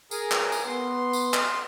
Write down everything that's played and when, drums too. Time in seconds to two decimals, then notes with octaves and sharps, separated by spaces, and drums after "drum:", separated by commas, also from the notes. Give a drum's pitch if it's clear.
0.11 G#4 A#4, drum: tambourine
0.32 drum: clap
0.52 drum: tambourine
0.67 B3 C6
1.13 drum: tambourine
1.34 drum: clap